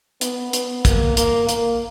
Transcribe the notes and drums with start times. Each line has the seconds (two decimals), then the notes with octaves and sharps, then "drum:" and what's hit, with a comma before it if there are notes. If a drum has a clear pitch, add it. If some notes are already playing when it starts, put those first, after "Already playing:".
0.21 B3, drum: hi-hat
0.53 B3, drum: hi-hat
0.85 A#3, drum: kick, hi-hat
1.17 A#3, drum: hi-hat
1.49 A#3, drum: hi-hat